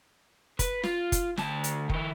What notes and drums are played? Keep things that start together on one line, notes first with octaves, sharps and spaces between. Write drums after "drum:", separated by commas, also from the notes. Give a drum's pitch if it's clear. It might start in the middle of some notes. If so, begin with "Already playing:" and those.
B4, drum: kick F#1, hi-hat
F4, drum: snare
drum: kick F#1, hi-hat
D2 A5, drum: snare
drum: hi-hat
D#3 E4, drum: kick F#1